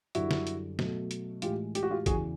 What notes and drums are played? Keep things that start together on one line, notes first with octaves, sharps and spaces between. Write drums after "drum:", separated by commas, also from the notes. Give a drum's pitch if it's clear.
F#2 D3 G3 E4 F#4, drum: hi-hat
drum: snare
drum: hi-hat
B2 F#3 A3, drum: snare
drum: hi-hat
A2 E3 G#3 F4 G4, drum: hi-hat
G4, drum: hi-hat
F#4
F4 G4
E2 C#3 E3 F#4 G#4, drum: kick, hi-hat